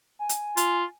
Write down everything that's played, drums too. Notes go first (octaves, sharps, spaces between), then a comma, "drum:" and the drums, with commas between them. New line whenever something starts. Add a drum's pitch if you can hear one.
G#5
drum: hi-hat
F4, drum: hi-hat